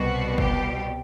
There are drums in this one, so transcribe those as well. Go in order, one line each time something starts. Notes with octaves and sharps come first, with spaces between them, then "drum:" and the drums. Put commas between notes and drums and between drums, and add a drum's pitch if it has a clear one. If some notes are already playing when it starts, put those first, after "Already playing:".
Already playing: C2 B2 G3 F#4
G4, drum: kick